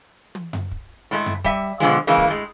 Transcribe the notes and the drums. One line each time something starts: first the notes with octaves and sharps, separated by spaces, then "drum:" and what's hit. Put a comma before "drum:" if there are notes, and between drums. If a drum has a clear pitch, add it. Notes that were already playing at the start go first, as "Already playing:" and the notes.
drum: tom
drum: tom F#2
drum: kick
A2 G#3 A3
drum: tom F#2
G3 E5, drum: kick
B2 D3 F3 G#3
C#3 E3 G#3 A#3
drum: kick
A2 G#3